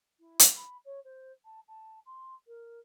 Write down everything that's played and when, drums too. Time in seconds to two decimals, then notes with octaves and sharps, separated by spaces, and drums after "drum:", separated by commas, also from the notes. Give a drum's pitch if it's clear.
0.19 E4
0.39 drum: hi-hat
0.56 B5
0.85 C#5
1.04 C5
1.45 A5
1.68 A5
2.06 C6
2.47 A#4